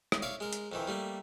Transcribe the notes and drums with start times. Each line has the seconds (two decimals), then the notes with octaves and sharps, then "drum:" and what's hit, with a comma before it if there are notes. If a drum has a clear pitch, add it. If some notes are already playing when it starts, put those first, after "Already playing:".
0.12 drum: rim click
0.22 C#5 D5 E5 F5
0.40 G#3 A#4
0.53 drum: hi-hat
0.72 F2 D#3 E3
0.88 G3 A3 A#3